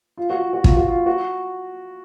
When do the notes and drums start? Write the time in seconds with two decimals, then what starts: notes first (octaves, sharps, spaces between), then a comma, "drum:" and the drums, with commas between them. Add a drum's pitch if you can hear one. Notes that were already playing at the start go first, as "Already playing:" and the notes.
0.17 F4
0.30 F#4
0.41 F4
0.53 F#4
0.64 F4, drum: kick
0.76 F#4
0.88 F4
1.06 F#4